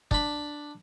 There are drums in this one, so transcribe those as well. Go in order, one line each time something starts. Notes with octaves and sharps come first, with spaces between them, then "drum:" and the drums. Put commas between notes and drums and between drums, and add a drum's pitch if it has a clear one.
D4 B5, drum: kick